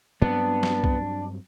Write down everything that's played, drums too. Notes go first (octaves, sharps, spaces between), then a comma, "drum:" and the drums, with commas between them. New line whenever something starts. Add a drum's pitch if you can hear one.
G2 F#3 B3 C4 D4
drum: snare
drum: kick C2